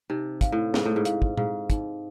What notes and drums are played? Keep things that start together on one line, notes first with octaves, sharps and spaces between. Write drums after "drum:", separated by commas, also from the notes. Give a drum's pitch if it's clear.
C3 D#4
F5, drum: kick, hi-hat
A2
G#2 G#4, drum: snare
A2
G#2
F5, drum: hi-hat
drum: kick
G#2 F5, drum: tom A#2
D#4, drum: kick, hi-hat